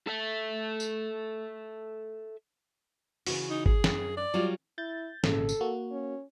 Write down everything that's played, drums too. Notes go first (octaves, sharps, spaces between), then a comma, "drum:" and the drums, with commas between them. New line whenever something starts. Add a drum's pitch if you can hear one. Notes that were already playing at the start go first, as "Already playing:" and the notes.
A4 E5
drum: tambourine
C#3 E3 F#4, drum: open hi-hat
D#4
G#4, drum: kick G1
F#2, drum: snare
D5
F#3 G3 F4
E4 G6 A6
G#1 A#2 C#3 A4, drum: snare
drum: tambourine
A#3 F#4
C#4